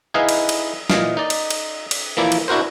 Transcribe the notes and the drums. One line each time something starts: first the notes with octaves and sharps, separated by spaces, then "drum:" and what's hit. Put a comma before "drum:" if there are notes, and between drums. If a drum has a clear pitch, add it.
D#4 E4 G#4 B4 D#5 F5
drum: cymbal
drum: cymbal
A#2 E3 D#5 F5, drum: snare
D#4 D5
drum: cymbal
drum: cymbal
drum: cymbal
E3 F3 A#3 E4 D5
drum: cymbal
D4 E4 F#4 A#4 C5